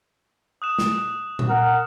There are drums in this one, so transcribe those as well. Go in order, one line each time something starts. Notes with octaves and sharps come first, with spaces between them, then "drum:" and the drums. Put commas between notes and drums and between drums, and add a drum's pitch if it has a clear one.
D#6 F#6 E7
drum: snare
drum: tom A#2
A#4 F#5